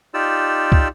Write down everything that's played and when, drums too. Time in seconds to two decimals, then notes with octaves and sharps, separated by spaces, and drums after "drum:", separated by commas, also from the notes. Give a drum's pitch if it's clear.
0.14 D#4 F4 G4 D5 E6
0.72 drum: kick